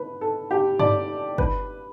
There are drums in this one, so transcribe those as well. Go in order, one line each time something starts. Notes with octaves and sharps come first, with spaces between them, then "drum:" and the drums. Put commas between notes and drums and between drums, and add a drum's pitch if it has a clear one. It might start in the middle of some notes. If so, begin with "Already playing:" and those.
Already playing: B4
A4
G4
D5, drum: tom G2
B4, drum: kick